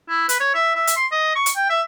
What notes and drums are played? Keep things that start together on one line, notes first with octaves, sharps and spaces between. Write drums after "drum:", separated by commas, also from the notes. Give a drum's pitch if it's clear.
E4
B4, drum: hi-hat
C#5
E5
E5
drum: hi-hat
C6
D#5
C#6
drum: hi-hat
G5
E5